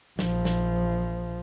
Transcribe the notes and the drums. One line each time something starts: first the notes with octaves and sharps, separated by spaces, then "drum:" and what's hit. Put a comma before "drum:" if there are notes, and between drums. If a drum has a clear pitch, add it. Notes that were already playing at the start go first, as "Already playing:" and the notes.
A#1 F3, drum: snare
drum: snare